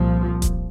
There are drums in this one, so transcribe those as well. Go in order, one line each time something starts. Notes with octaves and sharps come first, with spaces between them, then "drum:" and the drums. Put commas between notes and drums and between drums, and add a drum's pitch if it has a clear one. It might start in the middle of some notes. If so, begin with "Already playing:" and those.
Already playing: C2 A#2 F3
drum: kick D#1, hi-hat